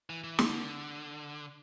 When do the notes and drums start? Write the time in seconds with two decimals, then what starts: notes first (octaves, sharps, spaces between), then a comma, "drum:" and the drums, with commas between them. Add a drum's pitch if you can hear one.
0.10 E3
0.24 E3
0.39 D3, drum: snare